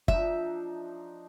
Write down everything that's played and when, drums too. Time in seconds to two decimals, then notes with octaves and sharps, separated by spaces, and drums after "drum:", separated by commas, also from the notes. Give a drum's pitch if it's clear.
0.08 F3 D4 D#4 E5, drum: kick F#1